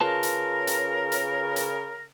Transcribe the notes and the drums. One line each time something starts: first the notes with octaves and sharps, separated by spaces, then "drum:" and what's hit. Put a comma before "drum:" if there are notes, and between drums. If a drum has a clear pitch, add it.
C#3 F4 A#4 B4 A5
drum: hi-hat
drum: hi-hat
drum: hi-hat
drum: hi-hat